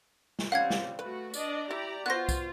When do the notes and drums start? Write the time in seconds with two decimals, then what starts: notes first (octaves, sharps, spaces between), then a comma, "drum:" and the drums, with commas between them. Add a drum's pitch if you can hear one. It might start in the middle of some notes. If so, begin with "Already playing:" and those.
0.39 drum: snare
0.52 G3 C4 C#4 F5 F#5 G#6
0.70 drum: snare
0.99 A3 F#4 B4
1.34 D4 D5 D#5, drum: tambourine
1.71 E4 G4 D5 A#5
2.06 B3 F4 F#4 C5 F#6 A#6
2.29 drum: kick C2, tambourine